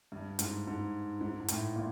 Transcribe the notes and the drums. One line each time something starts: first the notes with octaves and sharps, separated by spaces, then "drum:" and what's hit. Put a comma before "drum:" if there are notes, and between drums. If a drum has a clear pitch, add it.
G2
G#2, drum: hi-hat
G#2
G#2
G#2
A2, drum: hi-hat
A#2